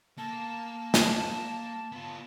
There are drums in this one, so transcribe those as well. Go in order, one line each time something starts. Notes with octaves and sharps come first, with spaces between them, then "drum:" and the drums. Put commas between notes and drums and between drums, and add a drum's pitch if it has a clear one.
A#3 A5
drum: snare
B3 F4